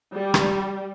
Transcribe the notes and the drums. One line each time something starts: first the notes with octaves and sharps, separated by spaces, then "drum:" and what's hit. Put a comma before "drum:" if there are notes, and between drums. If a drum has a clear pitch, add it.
G3
drum: rim click